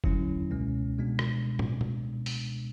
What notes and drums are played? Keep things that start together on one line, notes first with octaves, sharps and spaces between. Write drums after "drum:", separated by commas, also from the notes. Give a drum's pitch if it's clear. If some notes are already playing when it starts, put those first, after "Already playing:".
E2 D3 F#3 C#4 E4, drum: kick F#1
C#2 B2 G#3 C#4
B2 G#3 B3 D4
drum: rim click
drum: tom
drum: tom A#2
drum: open hi-hat